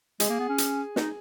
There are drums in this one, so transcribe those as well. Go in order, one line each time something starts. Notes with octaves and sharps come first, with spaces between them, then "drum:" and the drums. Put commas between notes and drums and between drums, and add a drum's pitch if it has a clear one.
G#3 G#4, drum: hi-hat
A#3
B3
C#4
drum: hi-hat
D#4, drum: snare